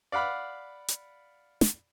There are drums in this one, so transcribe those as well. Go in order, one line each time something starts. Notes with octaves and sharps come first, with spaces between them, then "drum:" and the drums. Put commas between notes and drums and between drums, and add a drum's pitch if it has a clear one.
D5 F5 F#5 B5 F6
drum: hi-hat
drum: snare